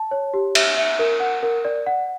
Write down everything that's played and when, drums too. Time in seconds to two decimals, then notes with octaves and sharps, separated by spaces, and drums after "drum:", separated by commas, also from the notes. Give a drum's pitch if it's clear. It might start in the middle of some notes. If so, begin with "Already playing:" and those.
Already playing: A5
0.11 C#5
0.34 G4
0.55 E5, drum: cymbal
0.77 E5
0.99 A#4
1.20 F#5
1.43 A#4
1.65 D5
1.86 F#5